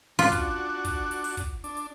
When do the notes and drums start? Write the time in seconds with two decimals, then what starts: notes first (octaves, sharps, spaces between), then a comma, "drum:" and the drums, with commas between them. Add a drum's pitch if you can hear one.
0.19 D4 F4 F#4, drum: open hi-hat
0.32 drum: kick, hi-hat
0.85 drum: kick, hi-hat
1.11 drum: hi-hat
1.24 drum: open hi-hat
1.37 drum: kick, hi-hat
1.64 D4, drum: hi-hat
1.77 drum: hi-hat